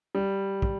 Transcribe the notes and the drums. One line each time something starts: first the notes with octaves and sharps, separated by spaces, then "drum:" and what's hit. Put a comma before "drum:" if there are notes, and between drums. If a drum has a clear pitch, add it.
G3
drum: kick